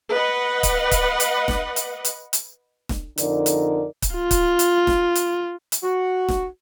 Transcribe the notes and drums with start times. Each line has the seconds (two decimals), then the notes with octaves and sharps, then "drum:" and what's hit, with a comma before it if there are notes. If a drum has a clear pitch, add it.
0.12 B4 D#5 F#5
0.63 drum: kick C#1, hi-hat
0.91 drum: kick C#1, hi-hat
1.20 drum: hi-hat
1.48 drum: snare E1
1.76 drum: hi-hat
2.05 drum: hi-hat
2.33 drum: hi-hat
2.89 drum: snare E1
3.18 F2 D3 D#4 A#4 D5, drum: hi-hat
3.46 drum: hi-hat
4.02 drum: kick C#1, hi-hat
4.15 F4
4.31 drum: kick C#1, hi-hat
4.59 drum: hi-hat
4.87 drum: snare E1
5.15 drum: hi-hat
5.72 drum: hi-hat
5.82 F#4
6.29 drum: snare E1